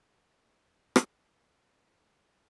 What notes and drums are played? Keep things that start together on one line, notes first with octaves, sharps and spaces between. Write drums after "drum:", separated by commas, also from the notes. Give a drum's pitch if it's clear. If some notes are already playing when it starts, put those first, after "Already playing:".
F2
drum: rim click
G3